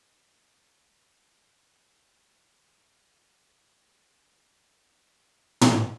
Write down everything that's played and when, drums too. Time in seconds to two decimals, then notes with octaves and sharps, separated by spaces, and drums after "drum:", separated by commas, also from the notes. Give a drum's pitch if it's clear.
0.17 F3 A3 B3 G4 A#5 F#6 A#6
2.24 E4
2.38 D3
2.60 F4
2.90 F#4
3.10 G#4
3.34 D#3
3.52 G#3
3.68 D5
4.91 D3 G3 C#4
5.61 drum: tom